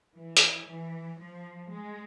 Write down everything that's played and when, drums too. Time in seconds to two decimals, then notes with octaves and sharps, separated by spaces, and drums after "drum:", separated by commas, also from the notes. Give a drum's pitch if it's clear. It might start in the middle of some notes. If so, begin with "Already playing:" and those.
0.15 E3
0.37 drum: hi-hat
0.67 E3
1.19 F3
1.72 G#3